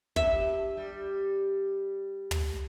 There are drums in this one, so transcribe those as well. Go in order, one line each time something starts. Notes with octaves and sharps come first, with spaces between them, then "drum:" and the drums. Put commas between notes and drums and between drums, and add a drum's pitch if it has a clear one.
G2 E5, drum: kick
G3
drum: tom